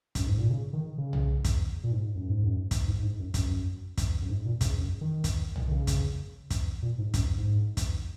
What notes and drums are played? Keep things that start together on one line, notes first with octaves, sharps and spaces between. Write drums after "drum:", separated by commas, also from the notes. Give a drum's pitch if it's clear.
F#2, drum: kick, hi-hat
G#2
A#2
C#3
D#3
C#3
drum: tom B1
drum: kick, hi-hat
A#2
G#2
F#2
G#2
F#2
drum: kick, hi-hat
G#2
G#2
F#2
F#2, drum: kick, hi-hat
drum: kick, hi-hat
F#2
G#2
A#2
C#3, drum: kick, hi-hat
F#2
D#3
drum: kick, hi-hat
drum: tom B1
D#3
C#3
drum: kick, hi-hat
drum: kick, hi-hat
A#2
G#2
F#2, drum: kick, hi-hat
G#2
drum: kick, hi-hat